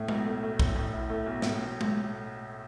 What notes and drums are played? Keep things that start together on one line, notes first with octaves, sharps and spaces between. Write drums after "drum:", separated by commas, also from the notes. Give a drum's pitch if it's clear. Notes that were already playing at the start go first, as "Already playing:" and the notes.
Already playing: A2 A3
B1, drum: tom G#3
A3
A3
A2, drum: kick
A2
E4
A3
B1
A2, drum: snare
drum: tom G#3